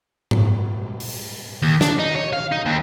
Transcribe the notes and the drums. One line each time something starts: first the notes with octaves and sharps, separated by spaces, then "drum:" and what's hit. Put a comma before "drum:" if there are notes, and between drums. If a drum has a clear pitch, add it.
drum: tom G#2
drum: open hi-hat
D#2
D4, drum: snare
D#4
C#5
F5
D#4
D#2